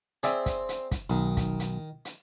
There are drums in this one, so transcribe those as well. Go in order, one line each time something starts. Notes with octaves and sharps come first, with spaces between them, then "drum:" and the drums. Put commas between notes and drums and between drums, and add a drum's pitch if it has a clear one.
C4 G#4 D5 E5, drum: hi-hat
drum: kick, hi-hat
drum: hi-hat
drum: kick, hi-hat
B1 D#3
drum: kick, hi-hat
drum: hi-hat
drum: hi-hat